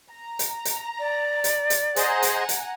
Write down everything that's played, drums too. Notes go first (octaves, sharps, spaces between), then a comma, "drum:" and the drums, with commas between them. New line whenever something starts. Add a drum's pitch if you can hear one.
A#5
drum: hi-hat
drum: hi-hat
D5
drum: hi-hat
drum: hi-hat
G#4 C5 D#5 F#5 G#5 A#5, drum: hi-hat
drum: hi-hat
drum: hi-hat